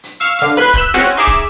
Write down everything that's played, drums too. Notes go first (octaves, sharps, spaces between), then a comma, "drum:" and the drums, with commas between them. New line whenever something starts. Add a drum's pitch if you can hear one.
drum: hi-hat
F5 C#6 E6, drum: hi-hat
D3 F5, drum: hi-hat
B4 B5 C6 F#6 G#6, drum: snare E4
E6 F#6 G6 B6, drum: kick
C4 C#4 F#4, drum: snare E4
D#4 G#4 E5 D6
drum: kick, hi-hat